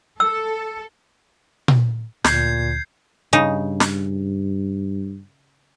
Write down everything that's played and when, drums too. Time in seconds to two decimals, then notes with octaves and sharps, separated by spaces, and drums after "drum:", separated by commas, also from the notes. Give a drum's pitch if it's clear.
0.20 A4 E6
1.68 drum: tom A#2
2.24 D2 A#2 G6 G#6 C7, drum: snare
3.33 G2 C#3 D#4
3.80 drum: snare